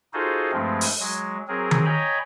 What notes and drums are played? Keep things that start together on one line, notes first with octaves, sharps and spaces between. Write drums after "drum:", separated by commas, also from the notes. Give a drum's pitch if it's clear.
D#4 F4 F#4 G#4 A4 C5
G2 F3 G#3 A3 C4
drum: open hi-hat
F#3 G#3
F#3 C4 G#4 A#4
drum: tom D#3
C#5 D#5 G5 G#5 A#5 B5